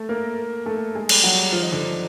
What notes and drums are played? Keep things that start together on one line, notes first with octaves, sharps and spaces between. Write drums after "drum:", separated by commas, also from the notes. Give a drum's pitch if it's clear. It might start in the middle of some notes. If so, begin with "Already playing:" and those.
Already playing: A3 A4
A#3 A#4
A3 A4
G#3 G#4
G3 G4, drum: cymbal
F#3 F#4
F3 F4
D#3 D#4
D3 D4